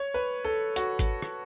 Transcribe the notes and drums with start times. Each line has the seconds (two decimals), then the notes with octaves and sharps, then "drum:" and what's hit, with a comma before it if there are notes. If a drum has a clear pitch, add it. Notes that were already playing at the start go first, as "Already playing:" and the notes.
Already playing: C#5
0.14 B4
0.45 A4
0.76 F#4, drum: hi-hat
0.99 drum: kick, hi-hat
1.22 drum: rim click